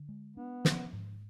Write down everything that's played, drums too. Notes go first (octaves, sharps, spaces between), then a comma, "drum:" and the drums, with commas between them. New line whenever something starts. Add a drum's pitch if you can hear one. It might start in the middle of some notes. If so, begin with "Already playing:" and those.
Already playing: D3
G#3
B3 D4
F3, drum: snare
G#2